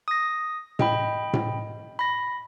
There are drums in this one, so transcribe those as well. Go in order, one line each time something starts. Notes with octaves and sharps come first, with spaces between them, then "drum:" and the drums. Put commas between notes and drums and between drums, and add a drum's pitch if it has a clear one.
D#6 A#6
D#5 G5 B5, drum: tom A2
drum: tom A2
B5 A#6